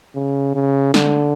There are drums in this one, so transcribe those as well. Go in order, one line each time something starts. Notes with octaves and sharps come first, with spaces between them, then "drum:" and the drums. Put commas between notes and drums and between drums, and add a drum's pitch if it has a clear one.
C#3
C#3
D3, drum: snare